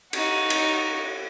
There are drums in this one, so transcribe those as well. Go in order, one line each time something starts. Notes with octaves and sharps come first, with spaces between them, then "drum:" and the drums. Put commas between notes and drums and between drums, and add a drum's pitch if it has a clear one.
D#4 F#4, drum: cymbal
drum: cymbal